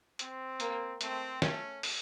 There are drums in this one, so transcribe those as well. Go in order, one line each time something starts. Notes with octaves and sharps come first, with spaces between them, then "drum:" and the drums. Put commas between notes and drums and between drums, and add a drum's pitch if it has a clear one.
C4, drum: hi-hat
A#3, drum: hi-hat
A3 C4, drum: hi-hat
A3 C#4, drum: snare
drum: open hi-hat